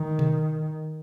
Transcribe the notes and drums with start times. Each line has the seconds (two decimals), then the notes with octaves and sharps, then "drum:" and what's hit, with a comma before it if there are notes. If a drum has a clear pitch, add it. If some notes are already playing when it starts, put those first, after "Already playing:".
Already playing: D#3
0.19 drum: tom B2